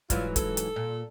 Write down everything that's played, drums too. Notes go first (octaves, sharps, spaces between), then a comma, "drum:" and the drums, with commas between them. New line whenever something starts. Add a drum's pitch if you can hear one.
G#2 E3 F#3 F4, drum: kick, hi-hat
A4, drum: kick, hi-hat
drum: hi-hat
A#2